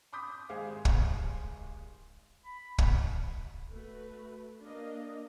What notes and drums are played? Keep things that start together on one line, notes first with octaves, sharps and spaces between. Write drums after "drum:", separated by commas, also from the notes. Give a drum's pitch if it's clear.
B5 C6 D6 D#6 G6 B6
G#1 G#3 G4 G#4 C5 F5
drum: kick
B5
drum: kick
A3 F#4 B4
A#3 D4 D#5 F5